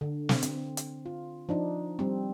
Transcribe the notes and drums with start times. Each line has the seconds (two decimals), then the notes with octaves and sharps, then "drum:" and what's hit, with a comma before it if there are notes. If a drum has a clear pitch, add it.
0.01 D3
0.29 drum: snare
0.43 C4, drum: hi-hat
0.77 drum: hi-hat
1.06 F4
1.49 F3 D4 D#4
1.99 G3 C4